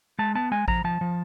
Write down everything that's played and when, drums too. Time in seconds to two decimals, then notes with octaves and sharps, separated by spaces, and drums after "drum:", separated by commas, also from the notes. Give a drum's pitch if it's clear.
0.19 G#3 A5
0.35 B3 A5
0.51 G#3 G#5
0.68 F3 A#5, drum: kick A1
0.84 F3 A5
1.01 F3